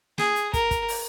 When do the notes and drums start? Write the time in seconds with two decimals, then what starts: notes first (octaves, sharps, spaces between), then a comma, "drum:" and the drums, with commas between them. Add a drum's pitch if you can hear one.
0.18 G#4, drum: snare
0.36 drum: hi-hat
0.53 A#4, drum: kick, hi-hat
0.71 drum: kick, hi-hat
0.88 drum: open hi-hat